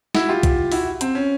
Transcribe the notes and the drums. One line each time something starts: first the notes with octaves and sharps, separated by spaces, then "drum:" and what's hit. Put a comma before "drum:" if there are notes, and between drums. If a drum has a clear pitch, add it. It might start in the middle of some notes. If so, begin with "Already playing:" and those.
E4 F#4, drum: snare
F4 G4
drum: kick B1, hi-hat
E4 F#4, drum: open hi-hat
C4, drum: hi-hat
C#4